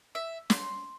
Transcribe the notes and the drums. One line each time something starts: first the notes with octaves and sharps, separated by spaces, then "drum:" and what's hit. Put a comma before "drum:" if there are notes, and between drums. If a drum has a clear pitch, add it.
E5
C6, drum: snare